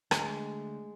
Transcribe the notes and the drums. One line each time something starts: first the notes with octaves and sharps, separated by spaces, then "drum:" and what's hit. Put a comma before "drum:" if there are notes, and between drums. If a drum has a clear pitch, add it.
D3 G#3 A3 D4, drum: rim click